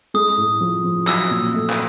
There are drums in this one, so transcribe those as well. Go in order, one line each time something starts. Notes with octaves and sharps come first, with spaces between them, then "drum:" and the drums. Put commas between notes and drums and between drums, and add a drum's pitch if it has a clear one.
G#3 D#6
A2
F3
F3
F#3 E6, drum: clap
A#2
A3
drum: clap